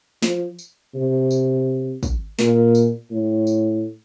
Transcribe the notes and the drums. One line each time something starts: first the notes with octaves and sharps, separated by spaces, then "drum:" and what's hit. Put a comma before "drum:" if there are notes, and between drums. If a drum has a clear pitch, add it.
F3, drum: snare
drum: tambourine
C3
drum: tambourine
drum: kick, tambourine
A#2, drum: snare
drum: tambourine
A2
drum: tambourine